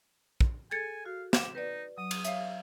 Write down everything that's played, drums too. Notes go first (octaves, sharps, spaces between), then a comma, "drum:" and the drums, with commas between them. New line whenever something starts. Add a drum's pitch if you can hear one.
drum: kick
G#4 A4 G#5 G#6 A6 C#7
F#4 F5
G4 E7, drum: snare
D#4 B4 D5
F#3 D#6
drum: cymbal
C#5 E5 F5, drum: hi-hat